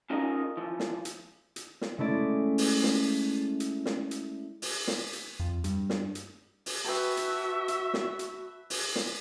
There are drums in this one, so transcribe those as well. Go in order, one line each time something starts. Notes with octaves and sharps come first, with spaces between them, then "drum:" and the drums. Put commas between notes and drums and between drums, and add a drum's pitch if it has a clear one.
C#4 D#4 F4 G#4 A#4 D#5
E3 F3
drum: snare
drum: hi-hat
drum: hi-hat
drum: snare
G#3 A3 C#4 E4 D5
drum: open hi-hat
drum: snare
drum: hi-hat
drum: snare
drum: hi-hat
drum: open hi-hat
drum: snare
drum: hi-hat
F2
G2, drum: hi-hat
drum: snare
drum: hi-hat
drum: open hi-hat
F#4 B4 E5 G5 A5
drum: hi-hat
drum: hi-hat
drum: snare
drum: hi-hat
drum: open hi-hat
drum: snare